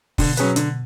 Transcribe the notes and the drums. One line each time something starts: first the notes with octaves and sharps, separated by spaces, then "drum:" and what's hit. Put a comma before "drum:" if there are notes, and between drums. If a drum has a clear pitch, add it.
B2 D3, drum: kick, open hi-hat
F#3 C#4 G#4 B4, drum: hi-hat
D3, drum: hi-hat